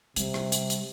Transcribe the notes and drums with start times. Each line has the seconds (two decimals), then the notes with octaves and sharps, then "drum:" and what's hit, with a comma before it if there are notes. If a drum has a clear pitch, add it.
0.16 C3 G3, drum: hi-hat
0.34 drum: rim click
0.52 drum: hi-hat
0.70 drum: hi-hat